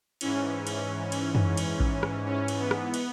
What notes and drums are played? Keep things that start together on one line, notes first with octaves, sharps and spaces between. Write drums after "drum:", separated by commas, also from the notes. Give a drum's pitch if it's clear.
G#2 E3 C#4, drum: cymbal
drum: cymbal
drum: cymbal
drum: tom F#2
drum: cymbal
drum: kick A#1
drum: rim click
C#4
drum: cymbal
B3
drum: rim click
drum: cymbal